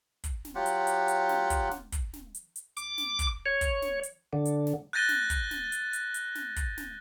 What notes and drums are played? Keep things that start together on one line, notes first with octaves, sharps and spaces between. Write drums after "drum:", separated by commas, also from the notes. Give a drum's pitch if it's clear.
drum: kick, hi-hat
drum: snare
F#3 F4 G4 F#5
drum: hi-hat
drum: hi-hat
drum: hi-hat
drum: snare
drum: kick, hi-hat
drum: snare
drum: kick, hi-hat
drum: snare
drum: hi-hat
drum: hi-hat
D6, drum: hi-hat
drum: snare
drum: kick, hi-hat
C#5
drum: kick, hi-hat
drum: snare
drum: hi-hat
D3
drum: hi-hat
drum: snare
F#6 G6 A6 A#6 D#7 G7
drum: snare
drum: kick, hi-hat
drum: snare
drum: hi-hat
drum: hi-hat
drum: hi-hat
drum: snare
drum: kick, hi-hat
drum: snare